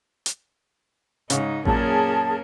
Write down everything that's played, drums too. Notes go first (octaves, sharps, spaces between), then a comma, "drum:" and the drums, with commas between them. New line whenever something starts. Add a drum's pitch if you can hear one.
drum: hi-hat
G#2 C#3 D#4, drum: hi-hat
F#2 A#2 A#3 C#4 G#4 A#4 A5, drum: kick A1